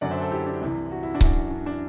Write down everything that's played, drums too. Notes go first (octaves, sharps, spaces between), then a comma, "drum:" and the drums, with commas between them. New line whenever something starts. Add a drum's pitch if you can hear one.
F#2 D3 F#3 D5 F#5
C5 E5
A4 C5
E4 G4
D4
C2 C3 E3
F#4
E4
D4 F#4
F#2 E3, drum: kick C#1
D4
D4